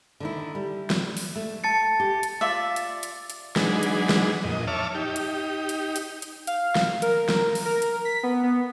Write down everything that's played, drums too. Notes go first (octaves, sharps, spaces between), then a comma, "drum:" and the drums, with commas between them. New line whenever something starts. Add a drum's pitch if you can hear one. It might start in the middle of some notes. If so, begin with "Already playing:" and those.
D3 D#3 E4
G3
drum: snare
drum: open hi-hat
A3
A5 A6 C#7
G4
drum: hi-hat
F4 D5 E5
drum: hi-hat
drum: hi-hat
drum: hi-hat
F#3 G#3 D4 D#4 G#4 B4, drum: snare
drum: hi-hat
drum: snare
F2 A#2 D#5
C#5 E5 A5 D6 F6
D#4 G4
drum: hi-hat
drum: hi-hat
drum: hi-hat
drum: hi-hat
F5, drum: hi-hat
drum: snare
A#4, drum: hi-hat
drum: snare
drum: open hi-hat
A#4
drum: hi-hat
B6
B3
B3